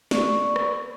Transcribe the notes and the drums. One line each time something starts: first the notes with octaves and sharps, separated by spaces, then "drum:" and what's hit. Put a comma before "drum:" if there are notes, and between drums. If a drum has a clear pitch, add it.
D5 C#6, drum: snare
drum: rim click